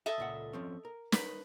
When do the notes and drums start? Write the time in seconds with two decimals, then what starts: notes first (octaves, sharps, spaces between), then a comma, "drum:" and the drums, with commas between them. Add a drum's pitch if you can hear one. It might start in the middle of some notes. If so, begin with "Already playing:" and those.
0.06 A4 D#5 E5
0.18 C#2 A#2 F#5
0.53 F3 C4 C#4
0.85 A#4
1.12 D#4 A#4 B4, drum: snare